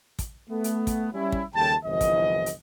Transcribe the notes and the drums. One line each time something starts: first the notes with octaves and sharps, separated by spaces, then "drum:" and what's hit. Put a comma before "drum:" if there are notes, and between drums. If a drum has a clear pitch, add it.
drum: kick, hi-hat
A3 B3
drum: hi-hat
drum: kick, hi-hat
G3 C#4 E4
drum: kick
D#2 C#3 G3 A4 G5 A5
G1 C2 E3 F3 D#5
drum: kick, hi-hat
drum: hi-hat